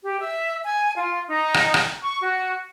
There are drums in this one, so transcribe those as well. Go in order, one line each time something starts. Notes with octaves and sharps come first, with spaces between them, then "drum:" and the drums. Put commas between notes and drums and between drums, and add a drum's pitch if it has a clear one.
G4
E5
G#5
F4
D#4
drum: rim click
drum: rim click
C#6
F#4